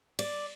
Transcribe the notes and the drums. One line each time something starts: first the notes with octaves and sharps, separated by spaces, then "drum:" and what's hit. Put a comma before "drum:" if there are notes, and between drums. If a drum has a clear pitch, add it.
D5, drum: cymbal